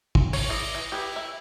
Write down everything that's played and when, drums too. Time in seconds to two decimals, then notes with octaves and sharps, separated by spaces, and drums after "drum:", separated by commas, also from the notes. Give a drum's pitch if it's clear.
0.15 drum: kick
0.33 C#5, drum: open hi-hat
0.49 E4 D5 D#5
0.75 E3
0.92 E4 G4 B4
1.13 E3 E5